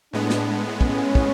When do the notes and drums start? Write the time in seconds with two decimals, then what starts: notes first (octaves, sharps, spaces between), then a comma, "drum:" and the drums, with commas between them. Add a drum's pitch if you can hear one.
0.13 A2 G#3 B3 D4
0.30 drum: snare
0.81 C#4, drum: kick
1.15 drum: kick